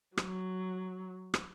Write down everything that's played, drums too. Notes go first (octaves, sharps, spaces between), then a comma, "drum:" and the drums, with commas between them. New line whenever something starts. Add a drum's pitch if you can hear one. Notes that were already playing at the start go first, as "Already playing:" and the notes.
F#3, drum: rim click
drum: rim click